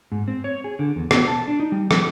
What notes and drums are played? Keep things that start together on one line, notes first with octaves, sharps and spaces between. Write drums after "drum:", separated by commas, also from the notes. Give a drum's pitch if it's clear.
G#2
C4
C#5
G#4
D3
E2
B2, drum: rim click
A5
D4
D#4
G3
F3, drum: rim click